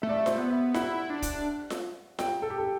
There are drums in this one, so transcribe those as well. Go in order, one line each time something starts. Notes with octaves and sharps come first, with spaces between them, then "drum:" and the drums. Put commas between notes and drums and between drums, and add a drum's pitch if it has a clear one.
A3 E5
D5
E5
C5, drum: snare F4
B3
E5
E4 F#5, drum: snare F4
D4
drum: kick, hi-hat
drum: snare F4
G5, drum: snare F4
A4
G4
A4